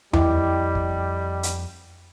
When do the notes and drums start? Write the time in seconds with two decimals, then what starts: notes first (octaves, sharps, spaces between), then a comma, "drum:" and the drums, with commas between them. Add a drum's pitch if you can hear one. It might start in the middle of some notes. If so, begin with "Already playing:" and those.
0.13 F2 G3 E4 D#5 G5 D6, drum: tom E2
0.75 drum: kick
1.43 drum: hi-hat